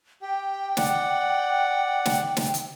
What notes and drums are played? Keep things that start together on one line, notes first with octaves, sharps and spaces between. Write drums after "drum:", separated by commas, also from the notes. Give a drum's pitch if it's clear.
G4 G5
D5 F#5, drum: snare
drum: snare
drum: snare
drum: hi-hat